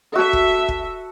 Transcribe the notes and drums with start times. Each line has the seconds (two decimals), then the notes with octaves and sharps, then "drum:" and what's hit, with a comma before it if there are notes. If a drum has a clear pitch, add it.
0.15 F#4 A4 E5
0.33 drum: kick
0.68 drum: kick